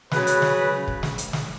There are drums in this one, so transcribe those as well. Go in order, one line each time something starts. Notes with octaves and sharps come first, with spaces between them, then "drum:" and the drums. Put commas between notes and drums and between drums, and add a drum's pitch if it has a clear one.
C#3 F#3 C#4 B4, drum: snare
drum: hi-hat
drum: snare
drum: kick
drum: snare
drum: hi-hat
drum: snare